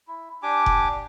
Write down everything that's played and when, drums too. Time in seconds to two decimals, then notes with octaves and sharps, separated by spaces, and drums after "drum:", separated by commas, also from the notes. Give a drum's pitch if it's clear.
0.08 E4
0.43 D4 G4 G#5 D6
0.66 drum: kick F1